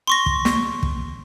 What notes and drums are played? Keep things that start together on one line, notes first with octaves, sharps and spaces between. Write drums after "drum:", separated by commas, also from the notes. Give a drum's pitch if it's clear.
C6 C#6 A#6
drum: kick
drum: snare
drum: kick